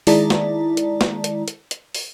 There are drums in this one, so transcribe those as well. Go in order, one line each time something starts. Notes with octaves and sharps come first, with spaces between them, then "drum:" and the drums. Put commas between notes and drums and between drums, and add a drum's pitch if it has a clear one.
D#3 G#3 E4 D5 A5 A#5, drum: open hi-hat
drum: snare
drum: hi-hat
drum: snare
drum: hi-hat
drum: hi-hat
drum: hi-hat
drum: open hi-hat